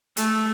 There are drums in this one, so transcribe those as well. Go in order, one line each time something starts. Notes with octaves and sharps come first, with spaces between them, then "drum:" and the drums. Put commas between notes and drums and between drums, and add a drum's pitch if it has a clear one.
A3, drum: hi-hat